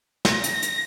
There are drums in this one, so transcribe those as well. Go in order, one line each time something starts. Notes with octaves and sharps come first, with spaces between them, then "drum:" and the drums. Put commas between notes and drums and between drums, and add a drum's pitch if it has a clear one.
A#6, drum: snare
drum: hi-hat
drum: hi-hat